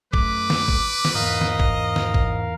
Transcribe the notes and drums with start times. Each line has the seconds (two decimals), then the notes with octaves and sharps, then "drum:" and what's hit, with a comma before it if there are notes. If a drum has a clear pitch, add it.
0.13 F#2 A3 B4 D6, drum: kick G#1
0.50 drum: snare
0.68 drum: kick G#1
1.05 drum: snare
1.15 E2 G#2 A#4 D#5 F5
1.41 drum: snare
1.60 drum: kick G#1
1.96 drum: snare
2.14 drum: kick G#1